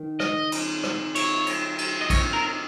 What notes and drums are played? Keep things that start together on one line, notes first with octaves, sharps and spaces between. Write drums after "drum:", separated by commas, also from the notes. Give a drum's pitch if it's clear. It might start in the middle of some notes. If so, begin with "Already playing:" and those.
Already playing: D#3
D#5, drum: rim click
drum: cymbal
drum: rim click
C#5, drum: cymbal
drum: cymbal
drum: cymbal
D#5
C#5, drum: kick, cymbal
A#4